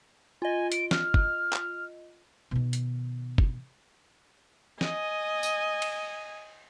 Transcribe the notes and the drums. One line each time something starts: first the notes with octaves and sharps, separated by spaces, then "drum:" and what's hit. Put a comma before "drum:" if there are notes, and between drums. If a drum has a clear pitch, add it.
F4 D#5 G#5
D7, drum: hi-hat
F6, drum: snare
drum: kick G1
drum: clap
B2 D#3
drum: hi-hat
drum: kick G1
D#5 G#5, drum: snare
drum: tambourine
drum: cymbal